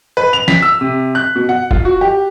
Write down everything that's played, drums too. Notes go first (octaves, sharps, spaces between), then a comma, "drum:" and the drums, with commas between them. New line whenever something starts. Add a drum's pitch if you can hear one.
B4
F7
B6, drum: snare
E6
C3
F#6
B2
F#5
F4, drum: kick
F#4
G4